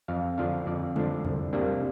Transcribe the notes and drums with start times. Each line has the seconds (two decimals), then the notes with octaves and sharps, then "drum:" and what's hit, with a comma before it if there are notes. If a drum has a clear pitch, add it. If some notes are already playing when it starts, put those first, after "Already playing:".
0.08 F2 F5
0.38 D3 F3 D4 F5
0.66 F2 D5
0.96 D3 F3 D4, drum: tom G3
1.25 C2, drum: tom E2
1.53 C3 G3 A#3 D4